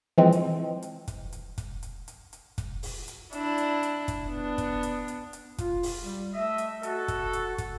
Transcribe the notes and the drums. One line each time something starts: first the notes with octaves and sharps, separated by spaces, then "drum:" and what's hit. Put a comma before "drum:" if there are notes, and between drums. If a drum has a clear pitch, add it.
E3 F3 G#3 C4
drum: hi-hat
drum: hi-hat
drum: kick, hi-hat
drum: hi-hat
drum: kick, hi-hat
drum: hi-hat
drum: hi-hat
drum: hi-hat
drum: kick, hi-hat
drum: open hi-hat
drum: hi-hat
D4 E4, drum: hi-hat
drum: hi-hat
drum: hi-hat
drum: kick, hi-hat
B3 D4
drum: kick, hi-hat
drum: hi-hat
drum: hi-hat
drum: hi-hat
F4, drum: kick, hi-hat
drum: open hi-hat
G3
A3 D#5 E5
drum: hi-hat
F#4 A4, drum: hi-hat
drum: kick, hi-hat
drum: hi-hat
drum: kick, hi-hat